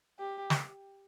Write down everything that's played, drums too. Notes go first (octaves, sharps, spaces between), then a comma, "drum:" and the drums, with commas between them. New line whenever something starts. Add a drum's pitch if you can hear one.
G4
drum: snare